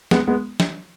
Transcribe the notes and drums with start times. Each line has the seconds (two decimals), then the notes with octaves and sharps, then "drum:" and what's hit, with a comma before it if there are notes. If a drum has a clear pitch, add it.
0.11 G#3 B3, drum: snare
0.28 G#3 B3
0.60 drum: snare